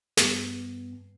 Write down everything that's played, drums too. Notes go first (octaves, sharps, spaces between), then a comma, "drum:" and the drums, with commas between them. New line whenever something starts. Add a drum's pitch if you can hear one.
G2 B3, drum: snare